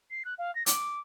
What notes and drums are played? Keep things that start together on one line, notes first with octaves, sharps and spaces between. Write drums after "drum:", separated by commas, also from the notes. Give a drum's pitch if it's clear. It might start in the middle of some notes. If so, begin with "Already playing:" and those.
C7
F#6
F5
A#6
D6, drum: hi-hat